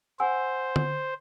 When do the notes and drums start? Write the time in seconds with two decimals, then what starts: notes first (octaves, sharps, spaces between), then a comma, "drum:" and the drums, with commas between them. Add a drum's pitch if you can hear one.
0.20 C5 F#5 G#5 E6
0.76 drum: tom D3